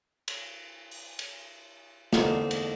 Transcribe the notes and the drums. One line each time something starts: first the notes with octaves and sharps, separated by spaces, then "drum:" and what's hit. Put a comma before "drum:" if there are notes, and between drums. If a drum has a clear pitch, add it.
drum: cymbal
drum: open hi-hat
drum: cymbal
E2 G#2 D3 A#3 C4 D#4, drum: snare
drum: cymbal